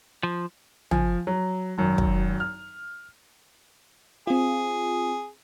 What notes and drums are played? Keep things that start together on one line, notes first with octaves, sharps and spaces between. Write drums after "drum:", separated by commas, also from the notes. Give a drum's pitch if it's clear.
F3
F3 G#5, drum: tom
F#3
G#1 F#2
drum: kick
F6
C4 F4 G#4